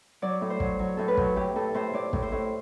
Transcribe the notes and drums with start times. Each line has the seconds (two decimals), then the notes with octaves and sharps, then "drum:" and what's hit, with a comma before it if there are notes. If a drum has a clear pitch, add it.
0.22 F#3 D5
0.41 A2
0.50 C5
0.60 F#3, drum: kick
0.79 F#3
0.97 A2 A4
1.08 B4
1.17 F#3, drum: kick
1.36 A2 G4
1.55 A2 A4
1.74 A2 C5
1.93 A2 D5
2.13 A2, drum: kick
2.22 C5
2.32 A2